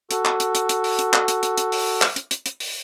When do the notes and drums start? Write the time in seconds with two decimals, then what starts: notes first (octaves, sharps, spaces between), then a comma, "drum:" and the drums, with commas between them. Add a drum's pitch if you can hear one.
0.11 F#4 A4, drum: hi-hat
0.25 drum: clap
0.40 drum: hi-hat
0.55 drum: hi-hat
0.69 drum: hi-hat
0.84 drum: open hi-hat
0.99 drum: hi-hat
1.13 drum: clap
1.28 drum: hi-hat
1.43 drum: hi-hat
1.58 drum: hi-hat
1.72 drum: open hi-hat
2.02 drum: clap
2.16 drum: hi-hat
2.31 drum: hi-hat
2.46 drum: hi-hat
2.60 drum: open hi-hat